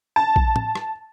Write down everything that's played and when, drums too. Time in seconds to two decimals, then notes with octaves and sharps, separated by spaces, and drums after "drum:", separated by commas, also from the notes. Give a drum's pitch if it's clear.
0.16 A5
0.36 drum: kick A#1
0.56 drum: tom A2
0.75 drum: rim click